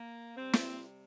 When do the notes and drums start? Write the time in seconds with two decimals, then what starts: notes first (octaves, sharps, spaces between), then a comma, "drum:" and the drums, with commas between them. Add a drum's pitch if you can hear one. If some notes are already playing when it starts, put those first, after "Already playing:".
Already playing: A#3
0.36 C3 G3 C4
0.53 drum: snare